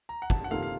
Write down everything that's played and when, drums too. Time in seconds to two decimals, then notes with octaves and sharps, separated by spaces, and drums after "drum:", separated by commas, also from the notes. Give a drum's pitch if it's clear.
0.09 A#5
0.22 F#5
0.30 A5, drum: kick
0.44 F#5
0.51 C3 D#3 A#3 F4 A4 F5
0.63 F5